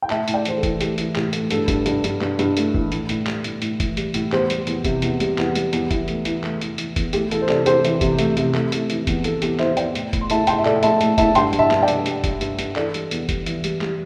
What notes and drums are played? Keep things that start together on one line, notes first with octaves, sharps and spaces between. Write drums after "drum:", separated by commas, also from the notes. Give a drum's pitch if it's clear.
G5
A2 E5 A5, drum: clap
A2, drum: hi-hat
D5 G5
E3 C5, drum: hi-hat
A4
E3, drum: kick, hi-hat
A3 G4, drum: hi-hat
E3, drum: hi-hat
A2 G4, drum: clap
A3, drum: hi-hat
G2 A4, drum: hi-hat
G2, drum: kick, hi-hat
G2, drum: hi-hat
G2, drum: hi-hat
G2, drum: clap
G2, drum: hi-hat
A3, drum: hi-hat
E3, drum: kick
A2, drum: hi-hat
A2, drum: hi-hat
G3, drum: clap
A2, drum: hi-hat
A2, drum: hi-hat
E3, drum: kick, hi-hat
G3, drum: hi-hat
A2, drum: hi-hat
E2 G4 C5, drum: clap
G3, drum: hi-hat
E2, drum: hi-hat
C3, drum: kick, hi-hat
E2, drum: hi-hat
G3, drum: hi-hat
E2, drum: clap
G3, drum: hi-hat
E2, drum: hi-hat
E3, drum: kick, hi-hat
A3, drum: hi-hat
E3, drum: hi-hat
A3, drum: clap
E3, drum: hi-hat
E3, drum: hi-hat
E2, drum: kick, hi-hat
A3 G4, drum: hi-hat
E3 A4, drum: hi-hat
C5
C3 A4 D5, drum: clap
C3 G4 C5, drum: hi-hat
E3, drum: hi-hat
C3, drum: kick, hi-hat
A3, drum: hi-hat
C3, drum: hi-hat
A3, drum: clap
A3, drum: hi-hat
E3, drum: hi-hat
E2, drum: kick, hi-hat
E2 A4, drum: hi-hat
E2 G4, drum: hi-hat
E2 C5 E5, drum: clap
E2 D5 G5, drum: hi-hat
A2, drum: hi-hat
A2, drum: kick, hi-hat
C6
A3 E5 A5, drum: hi-hat
A3 G5 C6, drum: hi-hat
E5
A2 A4 D5, drum: clap
A2 E5 A5, drum: hi-hat
A3, drum: hi-hat
A3 E5 A5, drum: kick, hi-hat
G2 G5 C6, drum: hi-hat
G2, drum: hi-hat
E5 A5
G2, drum: clap
D5 G5
G2, drum: hi-hat
G3, drum: hi-hat
G3, drum: kick, hi-hat
G2, drum: hi-hat
G2, drum: hi-hat
E3 A4 D5, drum: clap
G3, drum: hi-hat
E2, drum: hi-hat
G3, drum: kick, hi-hat
E3, drum: hi-hat
G3, drum: hi-hat
G3, drum: clap